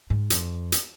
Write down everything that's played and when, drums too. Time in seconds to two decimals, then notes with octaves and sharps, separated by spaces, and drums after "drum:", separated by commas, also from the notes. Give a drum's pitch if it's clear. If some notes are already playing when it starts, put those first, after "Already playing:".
0.10 G#2
0.30 F2, drum: hi-hat
0.72 drum: hi-hat